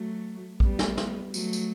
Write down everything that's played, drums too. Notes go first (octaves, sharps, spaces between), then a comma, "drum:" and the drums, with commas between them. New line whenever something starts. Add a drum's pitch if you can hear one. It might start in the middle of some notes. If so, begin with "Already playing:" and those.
Already playing: F#3 A3
G3 B3, drum: kick A#1
drum: snare
drum: snare
F#3 A3, drum: tambourine
drum: tambourine